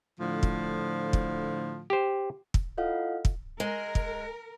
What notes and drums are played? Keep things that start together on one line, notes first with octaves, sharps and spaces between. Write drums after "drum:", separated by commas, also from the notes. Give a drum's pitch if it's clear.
A2 D3 F3
drum: kick
drum: kick
G4 C5
drum: kick
E4 F4 A4 D#5 F5 F#5
drum: kick
G#3 A#4
drum: kick